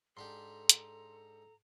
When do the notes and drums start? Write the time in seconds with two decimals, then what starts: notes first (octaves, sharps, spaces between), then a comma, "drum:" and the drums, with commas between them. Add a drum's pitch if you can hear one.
0.17 G#2 D4 G4 A4 A#5 C6
0.69 drum: hi-hat